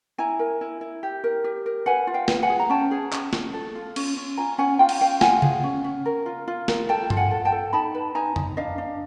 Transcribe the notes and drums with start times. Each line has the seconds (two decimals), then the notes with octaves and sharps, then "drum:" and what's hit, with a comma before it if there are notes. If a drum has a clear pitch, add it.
0.18 E4 G#5 A#5
0.39 A#4
0.61 E4
0.81 E4
1.03 G4
1.24 A#4
1.44 G4
1.66 A#4
1.86 B4 F#5 G#5
2.07 F4
2.14 F5 G5
2.28 B4, drum: snare
2.43 F#5 G#5
2.50 G#4
2.60 A#5
2.70 C#4 G5 A5
2.91 G#4
3.12 C#4, drum: clap
3.33 C#4, drum: snare
3.53 A4
3.75 F4
3.96 C#4, drum: cymbal
4.17 C#4
4.38 F4 G#5 A#5
4.58 C#4 F#5 G#5
4.79 F4 F5 G5
4.89 drum: cymbal
5.01 C#4 F5 G5
5.21 F4 F#5 G#5, drum: snare
5.42 G#4, drum: tom C#3
5.63 C#4
5.84 C#4
6.06 A#4
6.26 F4
6.48 F4
6.68 A#4, drum: snare
6.89 A4 G5 A5
7.10 F4, drum: tom G2
7.17 F#5 G#5
7.31 A4
7.45 G5 A5
7.52 A4
7.73 D#4 A5 B5
7.94 B4
8.15 D#4 G#5 A#5
8.36 D#4, drum: tom F2
8.57 D4 D#5 F5
8.78 D4